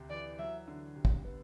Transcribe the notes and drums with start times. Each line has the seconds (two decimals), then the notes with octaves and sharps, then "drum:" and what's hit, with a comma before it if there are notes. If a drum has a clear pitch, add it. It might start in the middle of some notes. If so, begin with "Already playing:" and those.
Already playing: D2 C3
0.10 E3 D5
0.39 F#3 E5
0.68 D3
0.96 C3
1.05 drum: kick
1.24 B3